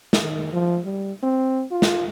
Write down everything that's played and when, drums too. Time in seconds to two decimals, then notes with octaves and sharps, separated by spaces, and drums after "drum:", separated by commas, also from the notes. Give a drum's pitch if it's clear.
0.13 drum: snare
0.22 D#3
0.53 F3
0.85 G3
1.23 C4
1.71 F4
1.82 drum: snare